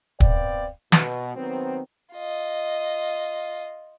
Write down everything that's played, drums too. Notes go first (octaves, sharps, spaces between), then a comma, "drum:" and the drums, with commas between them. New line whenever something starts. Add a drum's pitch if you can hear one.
B3 C4 D5 F5 G5, drum: kick
B2, drum: snare
D#3 F#3 B3 C4
F4 D#5